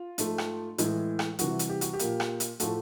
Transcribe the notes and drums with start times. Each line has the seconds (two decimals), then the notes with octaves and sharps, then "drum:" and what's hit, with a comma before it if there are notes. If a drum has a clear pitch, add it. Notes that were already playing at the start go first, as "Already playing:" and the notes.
Already playing: F4
0.18 G#2 F3 A3, drum: hi-hat
0.38 drum: rim click
0.78 A2 E3 G#3, drum: hi-hat
1.19 drum: rim click
1.39 C3 E3 G3 F#4, drum: hi-hat
1.59 drum: hi-hat
1.69 G4
1.81 F#4, drum: hi-hat
1.93 G4
1.99 A#2 F3 A#3, drum: hi-hat
2.20 drum: rim click
2.40 drum: hi-hat
2.60 A2 F3 A3 F#4, drum: hi-hat